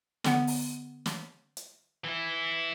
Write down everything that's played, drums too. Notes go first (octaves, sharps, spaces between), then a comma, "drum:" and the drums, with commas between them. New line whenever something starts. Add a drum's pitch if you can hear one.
D3 B3, drum: snare
drum: open hi-hat
drum: snare
drum: hi-hat
E3 E4